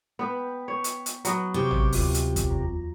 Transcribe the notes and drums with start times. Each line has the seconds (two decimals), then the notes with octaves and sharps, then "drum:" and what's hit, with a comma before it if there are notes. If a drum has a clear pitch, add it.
0.19 B3 B4 G5 B5
0.68 C#5
0.84 drum: hi-hat
1.06 drum: hi-hat
1.25 F#3 B3, drum: hi-hat
1.54 C3 G4 C#6 D6 G6
1.71 drum: tom
1.93 D2 F4, drum: open hi-hat
2.14 drum: hi-hat
2.36 drum: kick, hi-hat
2.50 E2 A#5